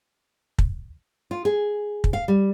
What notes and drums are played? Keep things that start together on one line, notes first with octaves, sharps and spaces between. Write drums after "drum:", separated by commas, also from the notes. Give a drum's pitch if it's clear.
drum: kick
F4
G#4
drum: kick
F5
G3